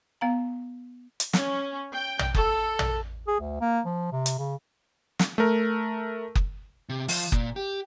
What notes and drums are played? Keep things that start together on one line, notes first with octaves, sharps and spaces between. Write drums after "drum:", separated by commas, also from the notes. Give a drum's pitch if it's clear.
B3 F5 A#5
drum: hi-hat
C#4, drum: snare
G5
drum: tom
A4, drum: kick F#1
drum: tom
G#4
D2
A#3
F3
C3
drum: hi-hat
C#3
drum: snare
A3 A#4
drum: kick F#1
C3
F3, drum: open hi-hat
A#2, drum: kick F#1
G4